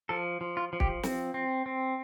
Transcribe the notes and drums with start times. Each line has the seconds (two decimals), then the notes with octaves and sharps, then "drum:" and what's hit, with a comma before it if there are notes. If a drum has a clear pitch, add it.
0.09 F3 A4
0.41 F3
0.57 F4
0.73 F3
0.80 G4, drum: kick
1.03 C4, drum: snare
1.34 C4
1.66 C4